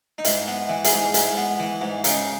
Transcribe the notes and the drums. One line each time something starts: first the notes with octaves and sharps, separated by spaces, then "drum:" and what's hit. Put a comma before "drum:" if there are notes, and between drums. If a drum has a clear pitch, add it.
D#4
G#2 E4, drum: hi-hat
B3
E3
E4 G#4, drum: hi-hat
G#2
G#2 E4, drum: hi-hat
B3
E3
G#2
C#3 D#4, drum: hi-hat